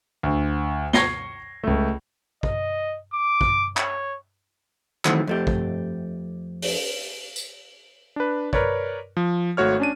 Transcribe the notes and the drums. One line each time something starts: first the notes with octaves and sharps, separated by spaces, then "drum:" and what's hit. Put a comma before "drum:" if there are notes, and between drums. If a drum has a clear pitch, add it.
D2
C#6 G#6 A#6 C7 G7, drum: snare
C#2 A3
D#5, drum: kick
D6
drum: kick
C#5, drum: clap
D#3 E3 F#3 A3 C4, drum: clap
F2 A3 G4
drum: kick
drum: open hi-hat
drum: tambourine
D4 B4
A#4 B4 C#5 D5, drum: kick
F3
G#1 A3 F#4 C#5 F6
C#4 D4 D#7